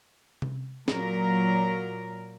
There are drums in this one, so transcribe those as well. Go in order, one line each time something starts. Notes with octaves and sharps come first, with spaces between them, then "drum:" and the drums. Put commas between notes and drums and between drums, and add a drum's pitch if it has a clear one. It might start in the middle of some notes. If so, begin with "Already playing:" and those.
drum: tom C3
A#2 F#3 A#4, drum: snare